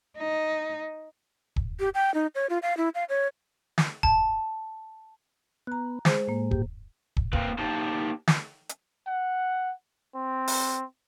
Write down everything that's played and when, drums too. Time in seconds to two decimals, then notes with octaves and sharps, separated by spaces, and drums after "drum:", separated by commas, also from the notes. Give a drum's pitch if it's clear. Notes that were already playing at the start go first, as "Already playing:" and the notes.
0.17 D#4
1.56 drum: kick
1.80 G4
1.95 G5
2.14 D#4
2.35 C#5
2.50 F4
2.62 F5
2.77 E4
2.95 F5
3.09 C#5
3.78 drum: snare
4.03 A5, drum: kick
5.67 B3 A#5 F#6
6.05 G#3 G#4 C5, drum: snare
6.27 A2 A#3
6.51 G2 G4, drum: kick
7.17 drum: kick
7.33 A#3 C4 F4 B4, drum: kick
7.58 A#3 D#4 G4 C5 A5
8.28 drum: snare
8.69 drum: hi-hat
9.07 F#5
10.15 C4
10.47 drum: open hi-hat